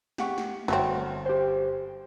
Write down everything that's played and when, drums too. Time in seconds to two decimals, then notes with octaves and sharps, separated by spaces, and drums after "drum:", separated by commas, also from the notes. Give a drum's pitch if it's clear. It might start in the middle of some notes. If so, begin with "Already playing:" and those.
0.18 G4 F#5 C#6, drum: snare
0.38 drum: snare
0.68 G1 F#3 A3 C4 F#4 C#5, drum: snare
1.26 G4 C5